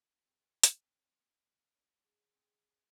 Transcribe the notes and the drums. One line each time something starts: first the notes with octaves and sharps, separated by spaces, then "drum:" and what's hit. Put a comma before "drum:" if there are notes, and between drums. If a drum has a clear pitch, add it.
C4 B4 D#5 C#6
C4, drum: hi-hat
D4 C#5
F#3 G#3
C4 C#4 G#4